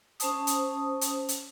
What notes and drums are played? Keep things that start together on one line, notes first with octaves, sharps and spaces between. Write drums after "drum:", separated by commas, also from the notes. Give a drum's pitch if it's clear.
C#4 C5 A5 D#6, drum: hi-hat
drum: hi-hat
drum: hi-hat
drum: hi-hat